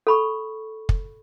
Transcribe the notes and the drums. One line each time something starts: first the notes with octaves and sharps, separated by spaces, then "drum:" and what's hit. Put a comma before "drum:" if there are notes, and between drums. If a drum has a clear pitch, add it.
A4 B5 C#6
drum: kick